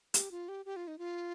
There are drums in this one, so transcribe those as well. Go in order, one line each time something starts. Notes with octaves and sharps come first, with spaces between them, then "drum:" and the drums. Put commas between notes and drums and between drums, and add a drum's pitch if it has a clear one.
G4, drum: hi-hat
F4
G4
G4
F4
D#4
F4